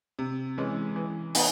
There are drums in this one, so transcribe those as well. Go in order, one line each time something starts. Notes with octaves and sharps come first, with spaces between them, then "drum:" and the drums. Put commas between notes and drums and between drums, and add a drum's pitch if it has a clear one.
C3
E3 G#3 C#4
E3
B3 D#4, drum: open hi-hat